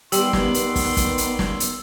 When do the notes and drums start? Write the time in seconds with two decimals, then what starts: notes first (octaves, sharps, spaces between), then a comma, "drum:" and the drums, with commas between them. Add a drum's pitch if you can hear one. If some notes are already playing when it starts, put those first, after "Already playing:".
0.12 D#3 G3 B3 D5 C6 E6, drum: hi-hat
0.33 drum: snare
0.54 drum: hi-hat
0.76 drum: kick, open hi-hat
0.97 drum: kick, hi-hat
1.18 drum: hi-hat
1.39 drum: snare
1.60 drum: hi-hat